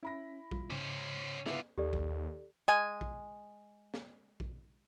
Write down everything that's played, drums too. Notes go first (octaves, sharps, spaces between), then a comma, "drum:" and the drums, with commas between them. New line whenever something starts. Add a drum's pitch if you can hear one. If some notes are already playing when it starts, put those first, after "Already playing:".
C#4 E4 B5 A#6
G3 F4, drum: kick A#1
G#2 C#3 C#4 C5
D3 B3 E4 F4, drum: snare
D#2 G4 A4 D5
drum: kick A#1
G#3 G#5
drum: kick A#1
drum: snare
drum: kick A#1